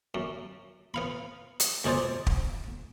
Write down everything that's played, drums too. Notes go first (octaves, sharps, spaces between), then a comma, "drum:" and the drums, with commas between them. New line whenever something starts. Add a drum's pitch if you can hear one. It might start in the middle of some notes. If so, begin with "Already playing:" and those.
F#2
B3 F5 B5
drum: hi-hat
C#2 B2 G#4 C5 D5
drum: kick